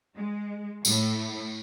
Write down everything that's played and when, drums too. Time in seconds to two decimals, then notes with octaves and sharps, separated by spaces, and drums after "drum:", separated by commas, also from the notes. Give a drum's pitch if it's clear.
0.16 G#3
0.85 A2, drum: tambourine